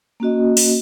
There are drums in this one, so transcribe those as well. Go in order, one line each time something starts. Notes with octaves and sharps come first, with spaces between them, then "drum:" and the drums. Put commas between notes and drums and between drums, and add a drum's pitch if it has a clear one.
A#3 C#4 F#4 D#5
drum: open hi-hat